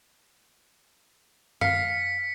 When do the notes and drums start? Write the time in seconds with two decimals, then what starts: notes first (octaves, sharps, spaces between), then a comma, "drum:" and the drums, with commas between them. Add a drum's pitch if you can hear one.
1.61 F5 B6 C#7, drum: tom F#2